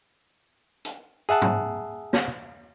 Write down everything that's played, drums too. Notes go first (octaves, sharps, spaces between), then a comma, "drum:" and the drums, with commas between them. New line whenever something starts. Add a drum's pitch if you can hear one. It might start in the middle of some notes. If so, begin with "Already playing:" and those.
drum: hi-hat
G#4 E5 F#5 A5
drum: tom G#2
drum: snare